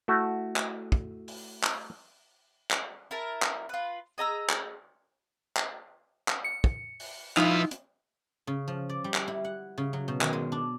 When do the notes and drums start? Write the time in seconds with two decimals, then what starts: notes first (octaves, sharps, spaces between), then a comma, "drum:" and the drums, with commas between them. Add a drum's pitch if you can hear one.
0.08 A3 E4 F#4
0.56 drum: clap
0.92 drum: kick
1.28 drum: open hi-hat
1.64 drum: clap
2.71 drum: clap
3.11 E4 A#4 A5
3.42 drum: clap
3.69 F4 B4
4.18 G#4 D#5 A#5 E6
4.49 drum: clap
5.57 drum: clap
6.28 drum: clap
6.44 C#7
6.64 drum: kick
7.00 drum: open hi-hat
7.37 F3 D#4 E4 B4 F5, drum: clap
7.71 drum: hi-hat
8.47 C#3
8.68 F3
8.89 D5
9.04 G3
9.14 drum: clap
9.28 E4
9.44 F#5
9.78 C#3
9.93 F#3
10.08 B2
10.21 D#3, drum: clap
10.33 G#3
10.52 D4